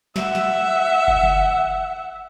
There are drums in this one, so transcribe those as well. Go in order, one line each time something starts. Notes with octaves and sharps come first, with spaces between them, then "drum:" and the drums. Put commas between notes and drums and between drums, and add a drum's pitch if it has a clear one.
E5 F#5, drum: snare
drum: snare
drum: kick F#1
drum: tom D3